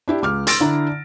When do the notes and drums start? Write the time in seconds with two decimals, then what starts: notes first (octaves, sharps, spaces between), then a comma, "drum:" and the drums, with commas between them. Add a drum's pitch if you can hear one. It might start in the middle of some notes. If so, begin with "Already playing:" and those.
0.08 D4 E4 G4
0.22 C#2 D6 F6
0.47 C6 E6 A6 A#6 D7, drum: hi-hat
0.60 D3 D4 E4 D5 A#5